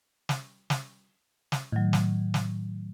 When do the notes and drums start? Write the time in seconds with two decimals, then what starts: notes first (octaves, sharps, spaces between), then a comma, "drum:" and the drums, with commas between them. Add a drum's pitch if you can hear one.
0.29 drum: snare
0.70 drum: snare
1.52 drum: snare
1.72 A2 D#3 F#3
1.93 drum: snare
2.34 drum: snare